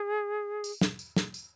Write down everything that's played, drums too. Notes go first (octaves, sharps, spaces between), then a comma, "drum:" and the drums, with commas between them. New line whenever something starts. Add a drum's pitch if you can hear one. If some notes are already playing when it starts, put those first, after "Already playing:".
Already playing: G#4
drum: tambourine
drum: snare
drum: tambourine
drum: snare
drum: tambourine